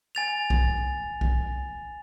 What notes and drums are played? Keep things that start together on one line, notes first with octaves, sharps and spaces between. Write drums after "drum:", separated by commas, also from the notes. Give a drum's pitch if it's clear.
G#5 A6 F7
drum: kick B1
drum: kick B1